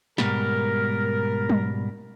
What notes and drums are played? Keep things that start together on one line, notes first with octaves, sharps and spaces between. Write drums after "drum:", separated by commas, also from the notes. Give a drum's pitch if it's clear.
G#2 B2 G3 A#4, drum: snare
drum: tom F#3